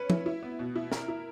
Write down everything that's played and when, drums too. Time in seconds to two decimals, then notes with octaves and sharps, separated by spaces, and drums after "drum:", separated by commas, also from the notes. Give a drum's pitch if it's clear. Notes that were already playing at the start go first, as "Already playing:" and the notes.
Already playing: C#4 B4
0.10 E4, drum: tom
0.26 E4
0.43 B3
0.59 B2
0.76 E4
0.92 A#4, drum: snare
1.08 E4